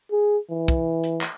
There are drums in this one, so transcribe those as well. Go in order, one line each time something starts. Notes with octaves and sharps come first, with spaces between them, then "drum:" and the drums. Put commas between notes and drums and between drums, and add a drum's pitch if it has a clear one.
G#4
E3
drum: kick, hi-hat
drum: hi-hat
drum: clap